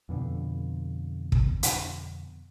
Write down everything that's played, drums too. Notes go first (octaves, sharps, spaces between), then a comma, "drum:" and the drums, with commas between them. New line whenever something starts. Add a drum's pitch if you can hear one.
F2 B2 D3
drum: kick
drum: hi-hat